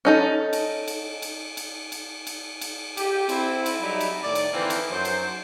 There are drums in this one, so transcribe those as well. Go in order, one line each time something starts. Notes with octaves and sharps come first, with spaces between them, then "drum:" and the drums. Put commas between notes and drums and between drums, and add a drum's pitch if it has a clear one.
C#4 D#4 A4
drum: cymbal
drum: cymbal
drum: cymbal
drum: cymbal
drum: cymbal
drum: cymbal
drum: cymbal
G4, drum: cymbal
C4 E4, drum: cymbal
drum: cymbal
F#3 G3 D#4 E4
drum: cymbal
A2 D#3 D5
drum: cymbal
D3 E3 F3 A#3 C4
drum: cymbal
F#2 C5
drum: cymbal